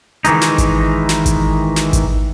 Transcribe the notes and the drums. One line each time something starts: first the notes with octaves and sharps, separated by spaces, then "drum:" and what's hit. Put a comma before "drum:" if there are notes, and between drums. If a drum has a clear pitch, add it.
D#3 E3 G#3 D#4, drum: hi-hat
drum: snare
drum: kick G#1, hi-hat
drum: snare
drum: kick G#1, hi-hat
drum: snare
drum: kick G#1, hi-hat